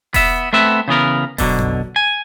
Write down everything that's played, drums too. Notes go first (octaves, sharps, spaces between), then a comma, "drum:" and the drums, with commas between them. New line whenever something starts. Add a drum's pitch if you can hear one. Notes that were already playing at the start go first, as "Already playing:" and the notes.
B3 E5, drum: kick E1, open hi-hat
A3 B3 C4 B4 E5
C#3 E3 B3 A#4
B2 D3 F#3, drum: kick E1, open hi-hat
drum: tom F2
G#5